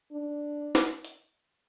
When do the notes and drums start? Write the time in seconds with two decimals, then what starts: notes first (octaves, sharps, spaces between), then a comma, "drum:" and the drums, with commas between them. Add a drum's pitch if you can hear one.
0.12 D4
0.75 drum: snare
1.05 drum: hi-hat